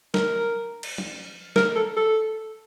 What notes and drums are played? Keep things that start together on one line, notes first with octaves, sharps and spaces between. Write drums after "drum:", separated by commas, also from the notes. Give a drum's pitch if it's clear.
A#4, drum: snare
drum: cymbal
drum: tom F3
A#4, drum: snare
A4
A4